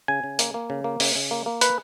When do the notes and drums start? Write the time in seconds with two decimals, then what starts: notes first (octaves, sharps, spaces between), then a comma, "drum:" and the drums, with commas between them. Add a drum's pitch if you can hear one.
0.08 C#3 G#5
0.24 C#3
0.39 A#3, drum: hi-hat
0.54 A#3
0.70 C#3
0.84 A#3
1.00 C#3, drum: open hi-hat
1.15 C#3
1.31 A#3
1.46 A#3
1.61 B4, drum: hi-hat